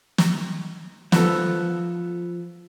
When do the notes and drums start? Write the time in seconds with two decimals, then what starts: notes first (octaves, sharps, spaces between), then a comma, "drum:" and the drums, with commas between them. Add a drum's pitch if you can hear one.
0.18 drum: snare
1.12 F3 B3 A4, drum: snare